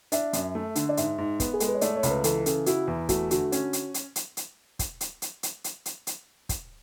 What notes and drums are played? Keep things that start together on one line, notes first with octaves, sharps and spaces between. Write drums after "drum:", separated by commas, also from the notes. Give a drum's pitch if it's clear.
D4 E5, drum: hi-hat
F#2, drum: hi-hat
A3
D3, drum: hi-hat
D5
G#2 E5, drum: hi-hat
G#2
B3, drum: kick, hi-hat
G#4
G#3 A4, drum: hi-hat
B4
C#5
A3 D5, drum: hi-hat
C#5
C#2, drum: hi-hat
B4
E3 A4, drum: hi-hat
C#3 A4, drum: hi-hat
E4 F#4, drum: hi-hat
E2
A3 F#4, drum: kick, hi-hat
D3 F#4, drum: hi-hat
C#4, drum: hi-hat
drum: hi-hat
drum: hi-hat
drum: hi-hat
drum: hi-hat
drum: kick, hi-hat
drum: hi-hat
drum: hi-hat
drum: hi-hat
drum: hi-hat
drum: hi-hat
drum: hi-hat
drum: kick, hi-hat